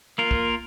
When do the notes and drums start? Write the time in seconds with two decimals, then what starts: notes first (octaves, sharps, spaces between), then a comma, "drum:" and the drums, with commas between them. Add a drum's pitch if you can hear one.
0.18 A#3 F4 A#4
0.31 drum: kick